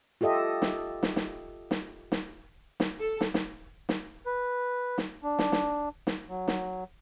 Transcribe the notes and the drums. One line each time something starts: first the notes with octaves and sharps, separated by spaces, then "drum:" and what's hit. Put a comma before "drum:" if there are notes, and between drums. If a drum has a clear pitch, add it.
F4 G4 A4 D#5 E5
drum: snare
drum: snare
drum: snare
drum: snare
drum: snare
drum: snare
A4
drum: snare
drum: snare
drum: snare
B4
drum: snare
D4
drum: snare
drum: snare
drum: snare
F#3
drum: snare